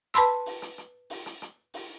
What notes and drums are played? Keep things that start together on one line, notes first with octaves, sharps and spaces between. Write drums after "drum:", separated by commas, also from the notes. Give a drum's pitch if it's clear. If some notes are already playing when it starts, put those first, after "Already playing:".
B4 A5 B5 C6 E6, drum: hi-hat
drum: open hi-hat
drum: hi-hat
drum: hi-hat
drum: open hi-hat
drum: hi-hat
drum: hi-hat
drum: open hi-hat